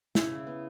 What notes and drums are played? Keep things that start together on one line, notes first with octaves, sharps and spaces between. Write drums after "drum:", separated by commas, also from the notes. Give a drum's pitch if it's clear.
C#3 E4, drum: snare
C#3
B3